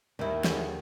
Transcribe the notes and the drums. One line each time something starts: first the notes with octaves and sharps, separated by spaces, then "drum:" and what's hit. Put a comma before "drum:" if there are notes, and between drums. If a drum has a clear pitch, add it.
D#2 D#3 G3 A#3 E4
D3 G#4 C#5, drum: snare